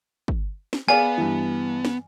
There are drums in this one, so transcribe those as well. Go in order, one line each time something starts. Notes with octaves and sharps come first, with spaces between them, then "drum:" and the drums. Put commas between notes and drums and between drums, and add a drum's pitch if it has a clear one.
drum: kick
drum: snare
B3 G#4 D5 F5 G#5
G2 E3
drum: snare